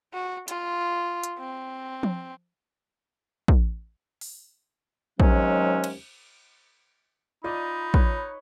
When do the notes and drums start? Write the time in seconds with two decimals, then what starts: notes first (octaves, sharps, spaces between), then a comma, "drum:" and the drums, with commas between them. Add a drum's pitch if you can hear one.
0.13 F#4
0.48 F4, drum: hi-hat
1.24 drum: hi-hat
1.39 C4
2.03 drum: tom F3
3.48 drum: kick
4.21 drum: open hi-hat
5.20 D#2 C3 F#3 G#3 C#4, drum: kick
5.84 drum: cymbal
7.44 D#4 F4 D5 D#5 B5
7.94 B4 C#5, drum: kick